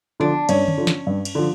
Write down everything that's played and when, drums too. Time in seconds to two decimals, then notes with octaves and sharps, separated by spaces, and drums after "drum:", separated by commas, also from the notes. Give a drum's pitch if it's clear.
0.20 D3 F3 D4
0.49 G2 C#4, drum: cymbal
0.68 drum: tom D3
0.78 D3 F3
0.87 drum: snare
1.07 G2
1.25 drum: cymbal
1.35 D3 F3